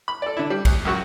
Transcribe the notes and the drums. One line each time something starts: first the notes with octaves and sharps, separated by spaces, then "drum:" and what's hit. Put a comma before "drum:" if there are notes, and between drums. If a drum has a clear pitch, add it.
B5
A4 D5
D3 E4
G3
D2, drum: kick B1, cymbal
C#2 F#2 F#4 C#6